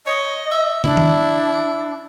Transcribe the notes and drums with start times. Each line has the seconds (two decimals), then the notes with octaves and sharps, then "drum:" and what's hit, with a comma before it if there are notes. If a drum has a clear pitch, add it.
0.06 C#5 D#5
0.51 E5
0.84 D4 E4, drum: tom
0.97 drum: tom D#3